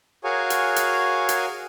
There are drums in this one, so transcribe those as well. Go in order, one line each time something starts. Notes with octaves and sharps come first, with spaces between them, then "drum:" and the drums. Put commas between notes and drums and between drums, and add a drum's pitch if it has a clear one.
F#4 G#4 A#4 C#5 F5 G#5
drum: hi-hat
drum: hi-hat
drum: hi-hat